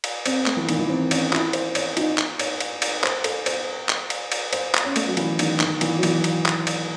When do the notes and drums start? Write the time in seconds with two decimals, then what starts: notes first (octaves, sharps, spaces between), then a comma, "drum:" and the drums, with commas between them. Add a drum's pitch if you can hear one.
0.04 drum: cymbal
0.26 C4, drum: cymbal
0.46 A3, drum: clap
0.57 E3
0.69 D#3, drum: cymbal
0.79 E3
0.89 C4
1.11 C#4, drum: cymbal
1.33 E4, drum: clap
1.53 C5, drum: cymbal
1.75 C#5, drum: cymbal
1.97 D#4, drum: cymbal
2.18 drum: clap
2.39 C#5, drum: cymbal
2.60 drum: cymbal
2.82 drum: cymbal
3.03 C5, drum: clap
3.24 A4, drum: cymbal
3.46 C5, drum: cymbal
3.89 drum: clap
4.10 drum: cymbal
4.32 drum: cymbal
4.53 C5, drum: cymbal
4.74 drum: clap
4.85 C#4
4.96 A3, drum: cymbal
5.07 F#3
5.17 E3, drum: cymbal
5.39 D#3, drum: cymbal
5.60 D#3, drum: clap
5.81 E3, drum: cymbal
5.97 F#3
6.03 E3, drum: cymbal
6.24 drum: cymbal
6.45 drum: clap
6.67 drum: cymbal